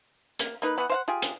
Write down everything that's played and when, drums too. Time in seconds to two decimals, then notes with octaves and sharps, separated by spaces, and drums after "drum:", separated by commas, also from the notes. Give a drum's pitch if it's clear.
0.39 A#3, drum: hi-hat
0.62 A#3 D#4 B4
0.78 E3 B3 F#5
0.90 C5 F5 F#5
1.08 F4 G4 G#4
1.22 drum: hi-hat